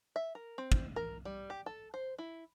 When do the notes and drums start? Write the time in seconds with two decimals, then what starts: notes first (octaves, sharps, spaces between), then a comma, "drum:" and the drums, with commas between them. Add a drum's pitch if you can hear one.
0.16 E5
0.35 A#4
0.58 C4
0.72 drum: kick
0.96 A#4
1.25 G3
1.50 G4
1.66 A4
1.94 C5
2.18 E4